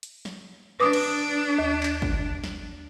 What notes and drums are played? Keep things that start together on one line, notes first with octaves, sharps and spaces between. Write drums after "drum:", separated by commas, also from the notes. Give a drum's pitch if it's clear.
drum: hi-hat
drum: snare
D4 B4 D6 D#6
drum: cymbal
D#2
drum: clap
drum: kick
drum: snare